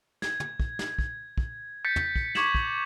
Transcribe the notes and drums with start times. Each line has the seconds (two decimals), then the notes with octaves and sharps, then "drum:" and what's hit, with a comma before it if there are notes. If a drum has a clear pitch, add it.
0.22 G#6, drum: snare
0.40 drum: tom
0.60 drum: kick
0.79 drum: snare
0.99 drum: kick
1.38 drum: kick
1.85 G6 A6 B6 C#7
1.96 drum: tom
2.16 drum: kick
2.35 C#6 D6 G#6 B6 E7 F#7, drum: snare
2.55 drum: kick